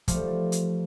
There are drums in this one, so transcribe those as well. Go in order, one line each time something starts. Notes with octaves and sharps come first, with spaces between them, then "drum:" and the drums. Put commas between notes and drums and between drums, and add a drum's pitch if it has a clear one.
F3 G3 A3, drum: kick, hi-hat
drum: hi-hat